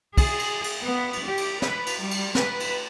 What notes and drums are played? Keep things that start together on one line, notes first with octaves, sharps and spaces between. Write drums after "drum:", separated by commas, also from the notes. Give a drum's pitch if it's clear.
G#4, drum: kick, cymbal
drum: cymbal
drum: cymbal
B3
drum: cymbal
G4
drum: cymbal
B4, drum: snare
drum: cymbal
G3
drum: cymbal
B4, drum: snare
drum: cymbal